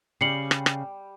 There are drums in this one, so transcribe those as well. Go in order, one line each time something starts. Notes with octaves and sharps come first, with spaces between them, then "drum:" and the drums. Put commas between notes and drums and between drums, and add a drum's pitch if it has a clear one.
C#3 G3 G4 C7 C#7 F#7
drum: rim click
drum: rim click